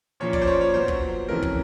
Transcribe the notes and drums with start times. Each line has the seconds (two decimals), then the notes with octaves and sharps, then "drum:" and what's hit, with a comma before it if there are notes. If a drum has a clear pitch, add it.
0.20 A#2 F3 A#3 C#4 C#5
0.33 D5, drum: kick
0.41 C5
0.47 C#5
0.61 C#5
0.74 A#2 F#3 B3 C5
0.88 drum: kick
1.29 F2 C#3 E3 A3 C#4 A#4
1.42 drum: kick